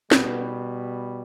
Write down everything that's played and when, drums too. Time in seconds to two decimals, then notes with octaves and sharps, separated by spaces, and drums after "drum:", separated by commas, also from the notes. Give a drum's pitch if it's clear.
0.11 B2 G3 B3, drum: snare